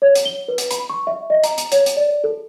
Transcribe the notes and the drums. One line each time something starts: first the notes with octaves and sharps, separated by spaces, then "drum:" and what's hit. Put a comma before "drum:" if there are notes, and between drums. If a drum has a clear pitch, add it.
C#5
drum: hi-hat
G7
B4
drum: hi-hat
B5, drum: hi-hat
C#6
E5
D#5
A#5, drum: hi-hat
drum: hi-hat
C#5, drum: hi-hat
drum: hi-hat
D5
A4